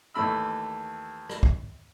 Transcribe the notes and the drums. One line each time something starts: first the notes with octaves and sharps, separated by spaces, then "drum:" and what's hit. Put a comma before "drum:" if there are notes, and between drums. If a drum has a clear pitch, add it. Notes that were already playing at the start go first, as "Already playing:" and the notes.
D#2 E3 A3 B5 E6
drum: rim click
drum: kick